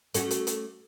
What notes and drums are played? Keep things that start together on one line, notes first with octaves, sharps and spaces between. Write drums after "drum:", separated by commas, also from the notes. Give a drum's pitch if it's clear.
A3 C#4 F#4, drum: hi-hat
drum: hi-hat
drum: hi-hat